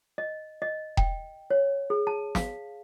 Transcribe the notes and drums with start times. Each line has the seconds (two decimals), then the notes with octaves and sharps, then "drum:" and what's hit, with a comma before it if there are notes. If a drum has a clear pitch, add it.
0.18 D#5
0.62 D#5
0.97 G5, drum: kick E1
1.50 C#5
1.90 G#4
2.07 A5
2.35 F5, drum: snare